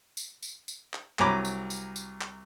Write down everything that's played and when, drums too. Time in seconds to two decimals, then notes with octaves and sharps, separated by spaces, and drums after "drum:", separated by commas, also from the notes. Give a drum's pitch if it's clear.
0.17 drum: tambourine
0.43 drum: tambourine
0.68 drum: tambourine
0.94 drum: clap
1.19 C2 F#3 G#5 A#5 B5 D6, drum: clap
1.45 drum: tambourine
1.70 drum: tambourine
1.96 drum: tambourine
2.21 drum: clap